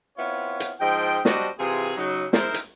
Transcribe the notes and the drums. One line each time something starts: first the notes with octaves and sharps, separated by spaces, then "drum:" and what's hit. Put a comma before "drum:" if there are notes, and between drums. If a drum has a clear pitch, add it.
B3 C4 E4 F4 C#5
drum: hi-hat
G#2 F3 D#5 G5
G3 D4 F#4 C5 D#5, drum: snare
C3 E3 F4 G#4
C#3 F#3 D#4
G#2 G#3 D#4 E4 A#4 C5, drum: snare
drum: hi-hat